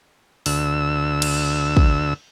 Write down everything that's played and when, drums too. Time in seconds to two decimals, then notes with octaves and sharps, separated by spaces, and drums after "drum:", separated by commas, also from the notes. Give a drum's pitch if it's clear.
0.46 D2 E6, drum: open hi-hat
1.22 drum: cymbal
1.77 drum: kick